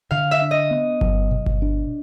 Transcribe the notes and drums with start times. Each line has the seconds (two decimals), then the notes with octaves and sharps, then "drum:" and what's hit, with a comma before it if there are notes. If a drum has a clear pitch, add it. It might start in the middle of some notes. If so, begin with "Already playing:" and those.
0.11 D3 F5
0.31 E5
0.42 D4
0.51 D#5
0.71 B3
1.01 F#3, drum: kick G1
1.31 B2
1.46 drum: kick G1
1.62 D4